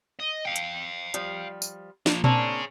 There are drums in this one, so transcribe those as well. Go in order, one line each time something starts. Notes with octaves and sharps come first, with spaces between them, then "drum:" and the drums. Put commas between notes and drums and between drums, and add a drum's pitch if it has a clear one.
D#5
F5 G5
drum: hi-hat
F3 G3, drum: hi-hat
drum: tambourine
F3 A#3, drum: snare
A#3 C4 D4 G#4 C#5, drum: tom A#2